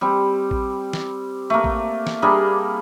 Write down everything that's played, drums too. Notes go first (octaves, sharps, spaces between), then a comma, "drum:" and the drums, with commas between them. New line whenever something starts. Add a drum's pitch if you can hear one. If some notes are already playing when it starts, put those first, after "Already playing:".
G3 C4
drum: kick A1
drum: snare
A3 A#3
drum: kick A1
drum: snare
G3 A#3 D4 G#4